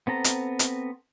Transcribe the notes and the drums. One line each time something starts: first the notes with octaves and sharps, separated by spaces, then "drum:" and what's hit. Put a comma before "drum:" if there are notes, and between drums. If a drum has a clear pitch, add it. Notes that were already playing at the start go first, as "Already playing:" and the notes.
B3 C4 A4 A#5
drum: hi-hat
drum: hi-hat